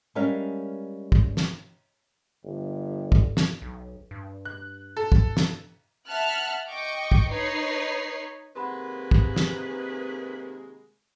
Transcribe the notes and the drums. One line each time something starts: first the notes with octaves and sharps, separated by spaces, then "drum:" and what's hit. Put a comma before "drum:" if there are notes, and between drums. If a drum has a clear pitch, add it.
G3 G#3 C#4 A#4 E5 F5
drum: kick
drum: snare
G1
drum: kick
drum: snare
B1
G2
F#6
A4
drum: kick
drum: snare
E5 F#5 A5 F6 F#6
D#5 G5 C#6 D6
drum: kick
D#4 B4 C#5 C7
C3 D#3 G#3 A#3 B4 F#5 B5 C6
drum: kick
drum: snare